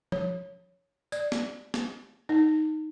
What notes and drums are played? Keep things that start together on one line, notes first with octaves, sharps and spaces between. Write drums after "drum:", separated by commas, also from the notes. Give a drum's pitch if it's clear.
C#5, drum: tom F3
D5, drum: tambourine
drum: snare
drum: snare
D#4